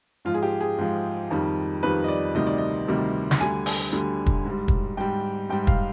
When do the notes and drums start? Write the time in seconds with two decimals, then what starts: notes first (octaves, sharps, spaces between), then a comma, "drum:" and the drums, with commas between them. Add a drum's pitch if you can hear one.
0.25 G#2 F3 F4
0.34 G#4
0.43 G4
0.61 G#4
0.78 G#2 F3
1.31 F2 D#3 G3
1.83 F2 D#3 G3 B4
2.04 D#5
2.08 D5
2.35 D2 C3 D#3 G3 D#5
2.46 D5
2.58 D#5
2.88 D2 C3 D#3 G3
3.31 drum: snare
3.40 D2 D3 G3 G#5
3.66 G#5, drum: open hi-hat
3.93 D2 D3 G3
4.26 drum: kick
4.45 G#2 G3
4.68 drum: kick
4.97 G#2 G3 G5
5.49 G#2 G3 G5
5.63 G5
5.67 F5, drum: kick